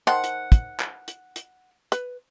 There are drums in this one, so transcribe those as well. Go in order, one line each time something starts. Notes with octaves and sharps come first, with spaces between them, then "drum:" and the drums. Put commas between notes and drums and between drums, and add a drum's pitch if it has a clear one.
D#3 C5 F#5 A5
drum: hi-hat
drum: kick, hi-hat
drum: clap
drum: hi-hat
drum: hi-hat
B4, drum: hi-hat